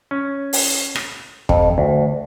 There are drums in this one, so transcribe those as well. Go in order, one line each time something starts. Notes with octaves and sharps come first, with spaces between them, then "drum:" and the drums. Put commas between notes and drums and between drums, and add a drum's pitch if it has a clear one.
C#4
drum: open hi-hat
drum: rim click
F2, drum: kick
D2